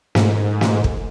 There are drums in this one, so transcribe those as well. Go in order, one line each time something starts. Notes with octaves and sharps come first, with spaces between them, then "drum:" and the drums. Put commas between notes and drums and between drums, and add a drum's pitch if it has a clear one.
G#2, drum: snare
drum: snare
drum: kick